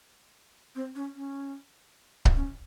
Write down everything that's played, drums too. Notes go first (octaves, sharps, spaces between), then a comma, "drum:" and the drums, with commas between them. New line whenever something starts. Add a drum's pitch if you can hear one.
C4
C#4
C#4
drum: kick C#1
C#4